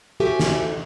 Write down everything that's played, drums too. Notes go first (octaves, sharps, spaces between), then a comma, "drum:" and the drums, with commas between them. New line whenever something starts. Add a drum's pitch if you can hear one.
F#4 G4 A4 C5 E5 G#5
drum: snare